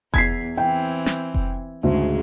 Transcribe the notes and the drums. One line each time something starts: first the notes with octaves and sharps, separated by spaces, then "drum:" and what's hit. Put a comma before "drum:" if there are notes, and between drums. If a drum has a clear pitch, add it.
E2 G#6 B6 C7, drum: kick F1
E3 C4 G5
drum: snare
drum: kick F1
D2 G#2 C#3 G#3